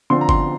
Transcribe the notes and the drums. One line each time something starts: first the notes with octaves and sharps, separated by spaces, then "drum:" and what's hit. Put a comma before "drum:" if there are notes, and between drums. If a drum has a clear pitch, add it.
D3 F3 C4 C6
A#5
C6, drum: kick G1